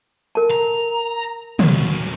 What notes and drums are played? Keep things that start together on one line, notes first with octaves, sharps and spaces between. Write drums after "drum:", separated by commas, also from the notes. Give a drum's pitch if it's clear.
A#4 A5
A#5
E2 F#3, drum: tom